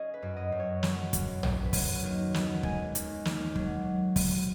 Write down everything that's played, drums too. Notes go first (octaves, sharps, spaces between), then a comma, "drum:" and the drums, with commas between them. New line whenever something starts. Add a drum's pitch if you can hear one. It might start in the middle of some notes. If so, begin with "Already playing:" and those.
Already playing: C#4 G#4 D#5
B4
F#2
D#5
F#2
C#5
F#3 C#5, drum: snare
F#2, drum: kick, hi-hat
F#2, drum: tom A#1
B4
F#3 C#5, drum: kick, open hi-hat
D#2
B3, drum: snare
G#3 G#5, drum: kick
D#2, drum: hi-hat
D#2, drum: snare
F#3, drum: kick
drum: kick, open hi-hat